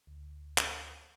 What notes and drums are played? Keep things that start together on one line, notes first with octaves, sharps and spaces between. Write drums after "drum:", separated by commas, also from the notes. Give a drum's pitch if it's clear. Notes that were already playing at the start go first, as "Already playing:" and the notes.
D2
drum: clap